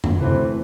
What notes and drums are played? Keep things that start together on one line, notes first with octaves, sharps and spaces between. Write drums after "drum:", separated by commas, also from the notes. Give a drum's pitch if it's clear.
drum: tom F2
D2 C3 E3 A3 C4